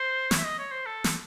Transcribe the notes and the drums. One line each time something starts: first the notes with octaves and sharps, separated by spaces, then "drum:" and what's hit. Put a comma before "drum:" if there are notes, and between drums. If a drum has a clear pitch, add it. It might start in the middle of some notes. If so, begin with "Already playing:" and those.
Already playing: C5
C#5, drum: snare
E5
D#5
C#5
C5
A4
drum: snare